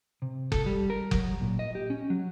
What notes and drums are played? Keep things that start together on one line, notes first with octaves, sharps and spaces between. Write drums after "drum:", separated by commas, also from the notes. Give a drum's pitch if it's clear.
C3
A4, drum: kick F#1
G3
A#4
F#3, drum: kick F#1
A#2
D#5
G4
C#4
F#3